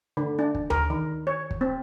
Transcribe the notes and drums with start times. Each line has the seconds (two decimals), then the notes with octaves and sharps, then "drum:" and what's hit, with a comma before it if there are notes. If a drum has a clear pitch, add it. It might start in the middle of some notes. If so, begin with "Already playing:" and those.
0.17 D3
0.39 D4
0.55 drum: kick
0.70 A#4, drum: tom D2
0.90 D#3
1.27 C#5
1.51 drum: kick
1.61 C4